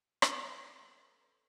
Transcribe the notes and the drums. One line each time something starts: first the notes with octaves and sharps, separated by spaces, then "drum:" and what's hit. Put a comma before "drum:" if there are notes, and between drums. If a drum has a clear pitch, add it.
A4 B4 F5 G5, drum: rim click